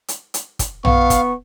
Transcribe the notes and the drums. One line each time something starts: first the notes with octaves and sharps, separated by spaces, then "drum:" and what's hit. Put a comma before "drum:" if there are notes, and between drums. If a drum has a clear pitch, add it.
drum: hi-hat
drum: hi-hat
drum: kick, hi-hat
B3 F5 C#6, drum: tom A#1
drum: kick, hi-hat